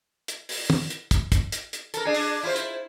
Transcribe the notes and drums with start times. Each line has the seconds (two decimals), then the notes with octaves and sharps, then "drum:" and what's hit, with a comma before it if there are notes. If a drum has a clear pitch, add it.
0.28 drum: hi-hat
0.49 drum: open hi-hat
0.70 drum: tom
0.90 drum: hi-hat
1.11 drum: kick, hi-hat
1.32 drum: kick, hi-hat
1.52 drum: hi-hat
1.73 drum: hi-hat
1.94 A4 A#4, drum: hi-hat
2.05 D4 G#4
2.14 drum: open hi-hat
2.43 E4 F4 C5
2.56 drum: hi-hat